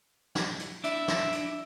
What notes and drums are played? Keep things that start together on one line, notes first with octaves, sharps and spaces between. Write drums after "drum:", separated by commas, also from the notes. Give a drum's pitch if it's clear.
drum: snare
drum: hi-hat
D4 E4 E5, drum: hi-hat
drum: snare
drum: hi-hat